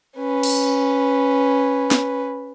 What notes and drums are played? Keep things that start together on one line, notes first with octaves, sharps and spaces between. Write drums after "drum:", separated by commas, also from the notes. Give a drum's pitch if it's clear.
C#4 B4
drum: cymbal
drum: snare